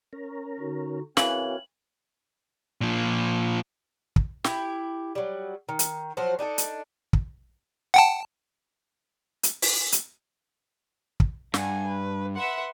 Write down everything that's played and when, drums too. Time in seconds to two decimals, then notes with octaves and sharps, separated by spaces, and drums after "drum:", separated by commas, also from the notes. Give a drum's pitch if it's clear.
0.13 C#4 A#4
0.59 D3 D#4 F#4
1.17 C#3 E3 C4 F#4 A#4 C#5 F#7, drum: snare
2.81 A#2 F3
4.16 drum: kick
4.44 E4 G4, drum: snare
5.15 F#3 G3
5.69 D#3
5.79 drum: hi-hat
6.17 F3 F#3 F#4 C5
6.39 D4 D#4 G#4 A4
6.58 drum: hi-hat
7.13 drum: kick
7.94 F#5 G5 A5
9.43 drum: hi-hat
9.62 drum: open hi-hat
9.92 drum: hi-hat
11.20 drum: kick
11.54 G2 F#5 G#5, drum: snare
11.87 B4
12.36 B4 E5 F#5 C6